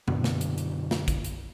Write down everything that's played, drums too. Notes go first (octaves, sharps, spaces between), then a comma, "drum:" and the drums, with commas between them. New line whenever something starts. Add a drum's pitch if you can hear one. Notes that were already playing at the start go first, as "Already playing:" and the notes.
F#2 B2 D3 B3, drum: tom A#2
drum: snare
drum: hi-hat
drum: hi-hat
drum: snare
drum: kick, hi-hat
drum: hi-hat